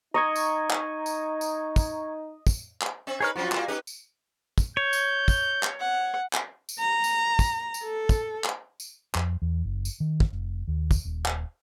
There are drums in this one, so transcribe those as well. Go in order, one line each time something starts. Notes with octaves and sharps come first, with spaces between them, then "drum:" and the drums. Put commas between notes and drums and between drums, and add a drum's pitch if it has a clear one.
D#4 D#5 A#5 C#6 G#6
drum: tambourine
drum: clap
drum: tambourine
drum: tambourine
drum: kick, tambourine
drum: kick, tambourine
drum: clap
C4 E5
D#4 G#4 A#4 B4 C#5 F6
F3 F#3 C#4 F4 F#4
G3 A#3, drum: clap
C#4 D#4 G4 B4
drum: tambourine
drum: kick, tambourine
C#5 G6
drum: tambourine
drum: kick, tambourine
drum: clap
F#5
drum: clap
drum: tambourine
A#5
drum: tambourine
drum: kick, tambourine
drum: tambourine
A4
drum: kick, tambourine
drum: clap
drum: tambourine
F2, drum: clap
E2
F#1
drum: tambourine
D#3
drum: kick
F1
D#2
drum: kick, tambourine
D#1
drum: clap